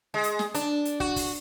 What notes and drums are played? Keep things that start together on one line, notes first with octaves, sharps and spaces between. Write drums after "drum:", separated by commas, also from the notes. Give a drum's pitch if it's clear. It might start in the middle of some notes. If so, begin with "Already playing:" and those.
G#3
drum: hi-hat
drum: snare
D4, drum: hi-hat
drum: hi-hat
F#4, drum: kick
drum: kick, open hi-hat